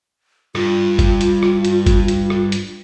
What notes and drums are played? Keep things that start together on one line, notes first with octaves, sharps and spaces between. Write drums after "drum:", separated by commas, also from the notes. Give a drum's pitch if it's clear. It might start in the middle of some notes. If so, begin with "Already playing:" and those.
G2 F4, drum: rim click
drum: kick G1, hi-hat
drum: hi-hat
drum: rim click
drum: hi-hat
drum: kick G1, hi-hat
drum: hi-hat
drum: rim click
drum: hi-hat